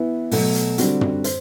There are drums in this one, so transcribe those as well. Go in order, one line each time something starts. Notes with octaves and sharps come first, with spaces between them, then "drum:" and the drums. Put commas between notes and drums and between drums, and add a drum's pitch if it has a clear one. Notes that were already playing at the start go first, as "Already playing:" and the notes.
Already playing: E3 B3 E4
B2 F#3 A3, drum: open hi-hat
drum: hi-hat
D3 G3 C4 F#4, drum: hi-hat
drum: tom
C5, drum: hi-hat